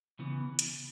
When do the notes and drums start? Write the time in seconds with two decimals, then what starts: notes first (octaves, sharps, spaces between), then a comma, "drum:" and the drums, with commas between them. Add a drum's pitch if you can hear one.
0.19 C#3 E3 B3
0.59 drum: hi-hat